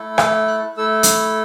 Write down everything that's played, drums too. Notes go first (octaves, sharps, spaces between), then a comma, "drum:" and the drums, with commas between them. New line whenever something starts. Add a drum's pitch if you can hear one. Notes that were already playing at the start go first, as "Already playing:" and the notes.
Already playing: A3 E4 A4
D6, drum: rim click
F#6
A3 E4 A4 E6
drum: hi-hat